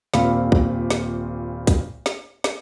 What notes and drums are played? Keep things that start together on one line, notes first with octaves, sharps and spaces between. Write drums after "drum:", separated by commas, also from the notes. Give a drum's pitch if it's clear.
D#1 A#2 C4 F5 B5, drum: snare
drum: kick
drum: snare
drum: kick, hi-hat
drum: snare
drum: snare